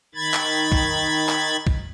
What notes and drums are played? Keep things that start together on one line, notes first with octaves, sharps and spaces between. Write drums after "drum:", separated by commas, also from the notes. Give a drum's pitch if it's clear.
D#3 B5 G#6 A6
drum: clap
drum: kick B1
drum: clap
drum: kick B1